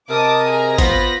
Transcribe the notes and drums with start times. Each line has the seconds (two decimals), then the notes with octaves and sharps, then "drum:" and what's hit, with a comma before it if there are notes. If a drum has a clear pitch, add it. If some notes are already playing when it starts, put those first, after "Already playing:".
0.10 C3 A#4 D#5 A5 D6 D#6
0.48 G#4 A#5
0.78 B3 F4 C5 B5 A#6, drum: kick G#1, hi-hat